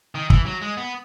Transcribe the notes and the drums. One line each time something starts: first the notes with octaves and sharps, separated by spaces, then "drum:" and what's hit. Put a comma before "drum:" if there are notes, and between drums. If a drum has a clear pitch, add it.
D#3
E3, drum: kick
F#3
G#3
B3